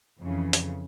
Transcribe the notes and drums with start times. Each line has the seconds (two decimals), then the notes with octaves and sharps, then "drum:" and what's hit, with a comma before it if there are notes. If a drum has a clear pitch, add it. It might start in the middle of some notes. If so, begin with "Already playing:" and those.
0.20 F2 C#3 E3
0.53 drum: hi-hat